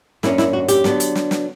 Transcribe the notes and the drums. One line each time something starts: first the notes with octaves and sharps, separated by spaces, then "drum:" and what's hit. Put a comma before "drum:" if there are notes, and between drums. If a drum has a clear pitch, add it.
F#2 D3 A#3 C#4 E4, drum: snare
E4, drum: snare
F#4
G4, drum: hi-hat
D3 F#3 B3 D4, drum: snare
drum: hi-hat
drum: snare
drum: snare